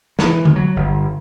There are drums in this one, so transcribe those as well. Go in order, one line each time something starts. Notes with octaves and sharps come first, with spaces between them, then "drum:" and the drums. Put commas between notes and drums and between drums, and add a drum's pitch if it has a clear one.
E3, drum: snare
drum: tom D3
F#3
G1